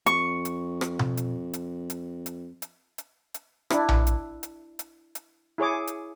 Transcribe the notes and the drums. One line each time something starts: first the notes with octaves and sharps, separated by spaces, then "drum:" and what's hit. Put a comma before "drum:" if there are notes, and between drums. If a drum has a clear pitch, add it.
F2 C#6, drum: hi-hat
drum: hi-hat
drum: rim click
drum: tom B2
drum: hi-hat
drum: hi-hat
drum: hi-hat
drum: hi-hat
drum: hi-hat
drum: hi-hat
drum: hi-hat
D4 E4, drum: rim click
drum: tom A#1
drum: hi-hat
drum: hi-hat
drum: hi-hat
drum: hi-hat
E4 G#4 C#5 D6
drum: hi-hat